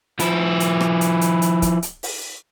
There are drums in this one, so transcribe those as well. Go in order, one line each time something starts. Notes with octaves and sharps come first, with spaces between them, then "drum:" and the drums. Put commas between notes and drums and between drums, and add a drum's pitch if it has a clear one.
F3 E4, drum: hi-hat
drum: hi-hat
drum: rim click
drum: hi-hat
drum: hi-hat
drum: hi-hat
drum: kick, hi-hat
drum: hi-hat
drum: open hi-hat